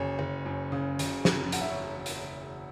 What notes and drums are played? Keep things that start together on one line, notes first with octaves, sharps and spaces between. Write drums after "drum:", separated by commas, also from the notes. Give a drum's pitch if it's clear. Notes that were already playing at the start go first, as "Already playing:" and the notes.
Already playing: F#1 C#4 C#5
F#1
F#2
C#3
F#1, drum: hi-hat
F#1, drum: snare
E1 F#5, drum: hi-hat
E5
C#5
drum: hi-hat